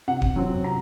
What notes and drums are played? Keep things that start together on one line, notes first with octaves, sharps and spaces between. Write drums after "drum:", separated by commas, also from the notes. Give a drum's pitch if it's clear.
C3 F#5
drum: kick D1
F#3 C4
C3 A#5